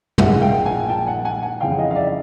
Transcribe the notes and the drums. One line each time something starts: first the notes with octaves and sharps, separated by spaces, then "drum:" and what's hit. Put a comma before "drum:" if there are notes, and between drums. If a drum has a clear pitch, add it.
A#1 A#2 F3 G#3 E5 F#5, drum: tom
F5 G5
F#5 G#5
G5 A5
F#5 G#5
F#5 G#5
F#5 G#5
F2 C#3 E3 F5 G5
D#5 F5
F5
D5 E5